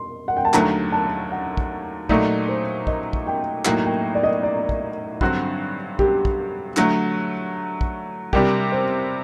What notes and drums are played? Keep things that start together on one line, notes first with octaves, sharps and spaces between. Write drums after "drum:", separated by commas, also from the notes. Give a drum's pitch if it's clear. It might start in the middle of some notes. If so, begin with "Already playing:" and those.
Already playing: C6
F#5
G5
A5
D#2 D3 F#3 A3 A#5, drum: clap
A5
F#5
drum: kick
A#2 F#3 A3 D#4 D5, drum: kick
C5
D#5, drum: kick
drum: kick
G5
A2 F#3 A#3 D#4 F#4 G5, drum: clap
G5
D5
D#5
D5
drum: kick
G2 D3 F#3 C4 F#4, drum: kick
G4, drum: kick
drum: kick
D3 F#3 A3, drum: clap
drum: kick
C3 G3 D4 G4 A#4, drum: kick
C5